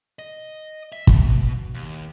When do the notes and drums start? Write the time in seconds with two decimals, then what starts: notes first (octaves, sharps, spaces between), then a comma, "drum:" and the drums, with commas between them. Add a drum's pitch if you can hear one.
0.19 D#5
0.92 E5
1.07 B2, drum: kick
1.74 D#2